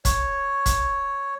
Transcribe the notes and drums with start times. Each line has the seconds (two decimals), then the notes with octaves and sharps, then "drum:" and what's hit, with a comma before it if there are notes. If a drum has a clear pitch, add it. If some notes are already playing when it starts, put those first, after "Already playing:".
0.05 C#5, drum: kick, hi-hat
0.66 drum: kick, hi-hat